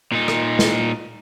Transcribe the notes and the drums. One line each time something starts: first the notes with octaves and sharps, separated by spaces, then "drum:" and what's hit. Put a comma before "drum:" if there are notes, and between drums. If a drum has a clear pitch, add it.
A#2 D#4
drum: rim click
drum: snare